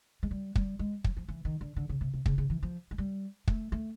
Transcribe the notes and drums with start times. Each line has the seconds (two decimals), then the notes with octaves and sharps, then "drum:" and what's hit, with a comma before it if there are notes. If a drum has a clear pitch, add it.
0.23 G#3
0.31 G3
0.56 G3, drum: kick
0.79 G#3
1.04 F#3, drum: kick
1.17 F3
1.29 E3
1.45 D#3
1.61 D3
1.76 D3
1.89 C#3
2.01 C3
2.14 C3
2.26 C#3, drum: kick
2.38 C#3
2.50 E3
2.63 F3
2.91 G#3
2.98 G3
3.48 A3, drum: kick
3.72 A3